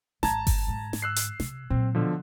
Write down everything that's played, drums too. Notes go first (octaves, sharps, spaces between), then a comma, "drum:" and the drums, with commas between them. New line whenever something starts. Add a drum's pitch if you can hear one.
G#1 A5 A#5 G#6, drum: snare
drum: kick G1, open hi-hat
G#2 D3
drum: snare
E6 F#6 C7
drum: hi-hat
C3, drum: snare
A#2 F#3 C4
B2 D3 F3